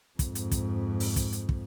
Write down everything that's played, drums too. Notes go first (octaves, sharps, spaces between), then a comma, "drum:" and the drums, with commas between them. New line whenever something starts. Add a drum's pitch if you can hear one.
F2 G#2, drum: kick, hi-hat
drum: hi-hat
drum: kick, hi-hat
drum: open hi-hat
drum: kick, hi-hat
drum: hi-hat
drum: kick